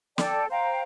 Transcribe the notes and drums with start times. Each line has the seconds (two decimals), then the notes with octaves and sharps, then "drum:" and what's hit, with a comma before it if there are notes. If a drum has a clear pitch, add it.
0.18 A4 D5 G5 A5, drum: snare
0.50 C5 F5 G5 A#5